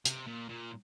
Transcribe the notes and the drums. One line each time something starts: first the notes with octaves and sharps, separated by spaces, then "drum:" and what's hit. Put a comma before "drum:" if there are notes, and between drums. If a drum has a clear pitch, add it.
C3, drum: hi-hat
A#2
A#2